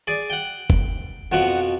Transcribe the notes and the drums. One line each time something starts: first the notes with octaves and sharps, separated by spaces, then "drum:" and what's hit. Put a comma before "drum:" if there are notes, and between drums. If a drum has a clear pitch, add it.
G#4 D5
F#5 G5
drum: kick F#1
F2 B2 F3 F#5